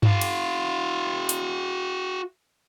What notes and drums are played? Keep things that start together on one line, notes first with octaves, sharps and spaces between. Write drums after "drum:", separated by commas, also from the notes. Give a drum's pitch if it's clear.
F#4 F5, drum: tom G2
drum: cymbal
drum: hi-hat